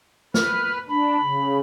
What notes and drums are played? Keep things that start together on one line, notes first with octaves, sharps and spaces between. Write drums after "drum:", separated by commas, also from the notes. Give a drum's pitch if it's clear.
B4 F6, drum: snare
D4 B5
C#3